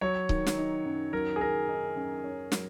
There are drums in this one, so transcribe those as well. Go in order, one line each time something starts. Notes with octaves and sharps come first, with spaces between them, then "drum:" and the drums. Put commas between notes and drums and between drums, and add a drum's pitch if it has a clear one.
F#3 C#5
D#3, drum: kick C#1
drum: snare
D#4
F#2
F#3 A#4
G#4
D#3 A#4
D#4
F#2
C#4
F#3, drum: snare